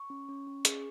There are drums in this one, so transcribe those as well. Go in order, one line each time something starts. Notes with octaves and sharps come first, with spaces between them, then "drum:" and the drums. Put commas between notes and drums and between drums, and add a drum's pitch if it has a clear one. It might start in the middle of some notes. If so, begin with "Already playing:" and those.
Already playing: C#6
C#4
C#4
C#4
G#4, drum: hi-hat